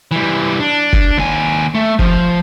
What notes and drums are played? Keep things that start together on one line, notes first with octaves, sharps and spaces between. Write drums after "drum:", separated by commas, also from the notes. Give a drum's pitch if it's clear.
E3 G3
D4
drum: kick
D#2 G#5
A3
F3, drum: kick